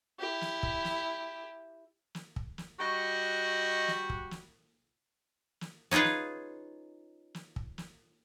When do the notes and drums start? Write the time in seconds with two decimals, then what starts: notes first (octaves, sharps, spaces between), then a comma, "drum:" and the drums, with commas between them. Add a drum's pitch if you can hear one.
0.20 E4 G4
0.41 drum: snare
0.63 drum: kick
0.85 drum: snare
2.15 drum: snare
2.36 drum: kick
2.58 drum: snare
2.80 G3 F#4 D#5
3.88 drum: snare
4.10 drum: kick
4.31 drum: snare
5.61 drum: snare
5.91 C#4 D#4 F4 G#4 B4
6.05 drum: snare
7.35 drum: snare
7.56 drum: kick
7.78 drum: snare